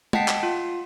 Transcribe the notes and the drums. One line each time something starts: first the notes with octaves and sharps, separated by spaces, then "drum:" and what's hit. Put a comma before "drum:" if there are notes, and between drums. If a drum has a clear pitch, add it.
D#5 F#5 G5 A5 B6 C7, drum: tom
drum: clap
F4